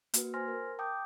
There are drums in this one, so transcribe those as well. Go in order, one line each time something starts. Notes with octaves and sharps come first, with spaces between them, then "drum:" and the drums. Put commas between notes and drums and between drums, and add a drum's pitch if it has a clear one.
A#3 F#4 B4, drum: hi-hat
C5 G#5 C6 F6 A#6
A#4
G5 A5 D6 D#6 G6